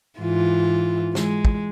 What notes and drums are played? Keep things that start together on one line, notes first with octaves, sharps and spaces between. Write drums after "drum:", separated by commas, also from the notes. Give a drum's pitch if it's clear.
G#2 E3 F4
G#3, drum: snare
drum: kick